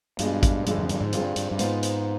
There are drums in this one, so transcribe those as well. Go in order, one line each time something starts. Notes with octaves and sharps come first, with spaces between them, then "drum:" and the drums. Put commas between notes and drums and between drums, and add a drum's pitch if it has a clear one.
G2 B2 G#3 D4 F4, drum: hi-hat
drum: kick G#1, hi-hat
G2 D3 F3 G#3, drum: hi-hat
F2
G2, drum: hi-hat
G#2
G2 C4 F4 G#4, drum: hi-hat
G2, drum: hi-hat
G2
G#2 B3 F4 C5, drum: hi-hat
drum: hi-hat